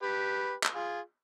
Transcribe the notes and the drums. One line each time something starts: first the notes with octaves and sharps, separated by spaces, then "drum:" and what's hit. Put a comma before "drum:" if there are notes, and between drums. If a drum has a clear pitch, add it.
G4 B4
drum: clap
F4 G#4